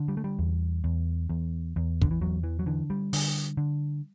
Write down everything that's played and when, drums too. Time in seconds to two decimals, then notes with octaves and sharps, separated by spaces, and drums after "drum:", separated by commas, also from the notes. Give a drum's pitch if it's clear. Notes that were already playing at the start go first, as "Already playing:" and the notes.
Already playing: D3
0.08 G3
0.17 A3
0.24 G3
0.39 E2
0.84 E2
1.30 E2
1.76 E2
2.02 D3, drum: kick
2.11 E3
2.21 E2 F#3
2.43 E3
2.59 F#3
2.66 D3 E3
2.90 G3
3.13 D3, drum: open hi-hat
3.57 D3